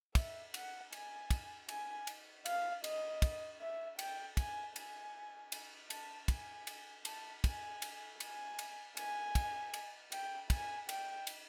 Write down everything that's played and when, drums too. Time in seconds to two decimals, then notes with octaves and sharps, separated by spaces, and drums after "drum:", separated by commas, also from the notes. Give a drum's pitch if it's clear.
0.15 E5, drum: kick, cymbal
0.54 F#5, drum: cymbal
0.93 G#5, drum: cymbal
1.30 drum: kick, cymbal
1.69 G#5, drum: cymbal
2.07 drum: cymbal
2.46 F5, drum: cymbal
2.84 D#5, drum: cymbal
3.22 drum: kick, cymbal
3.61 E5
3.99 G5, drum: cymbal
4.37 G#5, drum: kick, cymbal
4.76 G#5, drum: cymbal
5.52 drum: cymbal
5.90 A5, drum: cymbal
6.28 G#5, drum: kick, cymbal
6.67 drum: cymbal
7.05 A5, drum: cymbal
7.44 G#5, drum: kick, cymbal
7.82 drum: cymbal
8.20 G#5, drum: cymbal
8.59 drum: cymbal
8.97 G#5, drum: cymbal
9.35 drum: kick, cymbal
9.74 drum: cymbal
10.12 G5, drum: cymbal
10.50 G#5, drum: kick, cymbal
10.89 G5, drum: cymbal
11.27 drum: cymbal